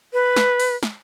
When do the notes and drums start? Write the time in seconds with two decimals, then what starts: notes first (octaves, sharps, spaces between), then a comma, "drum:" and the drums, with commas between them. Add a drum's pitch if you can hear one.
0.13 B4
0.36 drum: snare
0.60 drum: open hi-hat
0.83 drum: snare